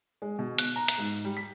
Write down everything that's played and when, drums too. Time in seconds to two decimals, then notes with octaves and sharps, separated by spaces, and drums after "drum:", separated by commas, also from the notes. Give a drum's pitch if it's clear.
0.22 G#3
0.39 B2
0.59 F#6, drum: hi-hat
0.76 A#5
0.88 drum: hi-hat
0.98 G#2
1.24 G3
1.37 B6